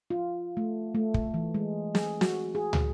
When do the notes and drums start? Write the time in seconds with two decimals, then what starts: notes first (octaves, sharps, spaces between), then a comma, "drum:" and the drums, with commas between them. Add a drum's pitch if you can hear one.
0.10 F4
0.57 A3
0.95 A3
1.14 drum: kick
1.34 E3
1.55 G#3
1.95 G#4, drum: snare
2.21 F#4, drum: snare
2.55 G#4
2.73 drum: tom